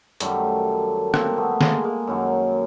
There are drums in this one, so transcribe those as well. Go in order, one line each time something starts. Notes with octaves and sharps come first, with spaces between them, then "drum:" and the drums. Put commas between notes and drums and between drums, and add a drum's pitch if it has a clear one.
F#2 D#3 F#3 G3 A3, drum: hi-hat
A#3 C4, drum: rim click
A3 B3
G#3 A#3, drum: snare
G#3 A#3
F#2 D#3 F#3